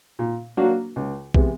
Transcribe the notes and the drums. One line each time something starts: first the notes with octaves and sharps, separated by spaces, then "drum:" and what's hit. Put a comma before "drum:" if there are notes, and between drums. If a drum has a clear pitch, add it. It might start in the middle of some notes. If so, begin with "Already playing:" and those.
A#2
F#3 A#3 D4 F#4
C#2
C3 E3 G#3 B3, drum: kick